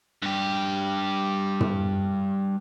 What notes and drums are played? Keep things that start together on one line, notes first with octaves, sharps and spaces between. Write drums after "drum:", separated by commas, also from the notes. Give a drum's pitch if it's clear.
G2 G4
drum: tom